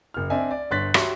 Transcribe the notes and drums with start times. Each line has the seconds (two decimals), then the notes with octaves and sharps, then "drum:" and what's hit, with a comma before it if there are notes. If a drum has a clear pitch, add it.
0.14 F#1 F6
0.30 C4 D4 D#5 E5 G#5
0.51 D5
0.71 G1 C#5 C6 F#6 A6 B6
0.94 F#4 G4 C#5 E5 C6, drum: rim click